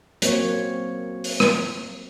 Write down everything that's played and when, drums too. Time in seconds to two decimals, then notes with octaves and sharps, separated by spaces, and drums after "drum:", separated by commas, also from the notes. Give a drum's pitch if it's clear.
0.22 F#3 A#3 C4 C#5, drum: hi-hat
1.24 drum: open hi-hat
1.40 drum: rim click